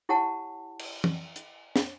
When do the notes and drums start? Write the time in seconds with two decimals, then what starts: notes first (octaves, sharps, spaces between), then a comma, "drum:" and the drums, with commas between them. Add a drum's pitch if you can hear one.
0.09 E4 G4 C#5 F#5 G#5 A5
0.79 drum: cymbal
1.04 drum: tom
1.36 drum: hi-hat
1.76 drum: snare